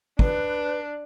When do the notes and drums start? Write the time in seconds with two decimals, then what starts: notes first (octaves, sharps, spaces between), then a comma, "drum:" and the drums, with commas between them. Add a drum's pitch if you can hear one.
0.19 D4 B4, drum: kick